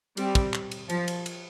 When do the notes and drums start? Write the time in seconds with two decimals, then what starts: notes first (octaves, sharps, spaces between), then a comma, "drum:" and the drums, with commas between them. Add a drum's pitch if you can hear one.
0.17 G3 C4, drum: cymbal
0.35 drum: kick, cymbal
0.53 drum: clap
0.71 drum: cymbal
0.89 F3, drum: cymbal
1.08 drum: cymbal
1.26 drum: cymbal